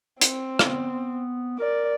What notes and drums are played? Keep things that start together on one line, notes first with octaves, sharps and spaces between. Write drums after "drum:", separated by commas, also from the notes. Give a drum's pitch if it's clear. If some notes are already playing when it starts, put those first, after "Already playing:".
C4, drum: hi-hat
B3, drum: rim click
A#4 D5